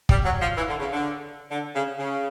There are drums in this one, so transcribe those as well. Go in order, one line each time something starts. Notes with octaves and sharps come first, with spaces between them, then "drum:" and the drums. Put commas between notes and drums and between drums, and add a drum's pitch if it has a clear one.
G3, drum: kick
F#3
F3
E3
D3
C#3
D3
D3
C#3
C#3